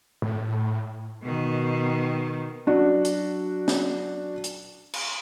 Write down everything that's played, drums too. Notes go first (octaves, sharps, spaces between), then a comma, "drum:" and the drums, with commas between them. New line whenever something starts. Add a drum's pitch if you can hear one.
A2
B2 D#3
F#3 D4 F#4
drum: hi-hat
drum: snare
drum: hi-hat
drum: cymbal